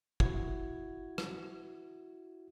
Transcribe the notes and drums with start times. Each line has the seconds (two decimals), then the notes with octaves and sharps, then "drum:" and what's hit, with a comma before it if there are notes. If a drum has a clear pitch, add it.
0.20 E4 F#4 G#6, drum: kick
1.18 drum: rim click